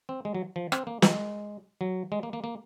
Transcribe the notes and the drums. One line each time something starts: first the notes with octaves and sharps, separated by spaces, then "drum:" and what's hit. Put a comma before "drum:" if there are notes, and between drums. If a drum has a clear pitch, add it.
C4
G#3
F#3
F3
C4, drum: rim click
A#3
G#3, drum: snare
F#3
G#3
A#3
A#3
A#3